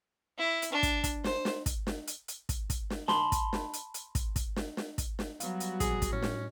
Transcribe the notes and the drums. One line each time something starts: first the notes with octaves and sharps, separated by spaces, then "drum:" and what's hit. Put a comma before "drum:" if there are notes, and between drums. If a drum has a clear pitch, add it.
E4
drum: hi-hat
D4
drum: kick, hi-hat
drum: kick, hi-hat
C5, drum: snare
drum: snare
drum: kick, hi-hat
drum: snare
drum: hi-hat
drum: hi-hat
drum: kick, hi-hat
drum: kick, hi-hat
drum: snare
A5 B5 C6, drum: snare
drum: kick, hi-hat
drum: snare
drum: hi-hat
drum: hi-hat
drum: kick, hi-hat
drum: kick, hi-hat
drum: snare
drum: snare
drum: kick, hi-hat
drum: snare
F#3 G3 B3 F#4 F5, drum: hi-hat
drum: hi-hat
A#1 G#4 G#5, drum: kick, hi-hat
drum: kick, hi-hat
A2 C#4
drum: snare